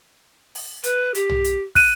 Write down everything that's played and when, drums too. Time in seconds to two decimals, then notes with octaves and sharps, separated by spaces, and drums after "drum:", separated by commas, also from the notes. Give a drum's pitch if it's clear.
0.55 drum: open hi-hat
0.84 B4, drum: hi-hat
1.15 G4, drum: hi-hat
1.29 drum: tom
1.44 drum: hi-hat
1.75 F#6 D#7, drum: kick, open hi-hat